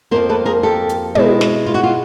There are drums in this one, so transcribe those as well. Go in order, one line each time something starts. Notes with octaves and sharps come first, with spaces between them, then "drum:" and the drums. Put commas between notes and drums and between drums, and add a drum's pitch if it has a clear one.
F2 C#3 F3 A#3 A#4 C5
A4 B4
G#4 A#4
G4 A4
drum: hi-hat
B2 G#3 C4 E4, drum: tom
drum: snare
F4
F#4
F4